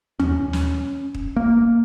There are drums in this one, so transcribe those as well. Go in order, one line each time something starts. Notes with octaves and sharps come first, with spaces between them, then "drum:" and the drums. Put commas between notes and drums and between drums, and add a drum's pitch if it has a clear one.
C#4, drum: tom D#2
drum: snare
drum: kick
A#3